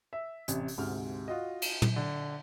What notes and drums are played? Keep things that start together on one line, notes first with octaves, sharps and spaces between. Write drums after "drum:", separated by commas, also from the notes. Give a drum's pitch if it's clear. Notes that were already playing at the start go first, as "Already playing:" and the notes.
E5
A1 C3, drum: hi-hat
drum: open hi-hat
D2 G#2 C3 F6
F4 F#4 D#5
drum: cymbal
drum: tom
D3